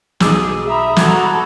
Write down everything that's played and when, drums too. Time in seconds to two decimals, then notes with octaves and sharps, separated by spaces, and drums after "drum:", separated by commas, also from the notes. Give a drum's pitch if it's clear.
0.20 B1 G#4 D6 E6, drum: snare
0.68 E5 A#5 B5 D#6
0.96 F#4 A4 D6 G#6, drum: snare